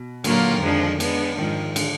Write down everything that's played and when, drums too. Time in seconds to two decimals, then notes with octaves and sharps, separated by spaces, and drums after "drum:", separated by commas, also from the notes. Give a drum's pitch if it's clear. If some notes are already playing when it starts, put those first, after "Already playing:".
Already playing: B2
0.24 A#2 D3 F#3 A#3 F4 A#4, drum: cymbal
0.51 D#3
0.62 F2 D3 F3 G#3 D4
1.00 G#3 B3 D4, drum: cymbal
1.38 G#2 D#3 F3 G#3
1.76 D3, drum: cymbal